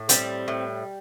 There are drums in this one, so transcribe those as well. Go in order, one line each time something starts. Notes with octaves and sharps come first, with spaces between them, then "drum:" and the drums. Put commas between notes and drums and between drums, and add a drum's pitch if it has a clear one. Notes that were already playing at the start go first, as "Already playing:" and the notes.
Already playing: A2
G3 C4, drum: hi-hat
A2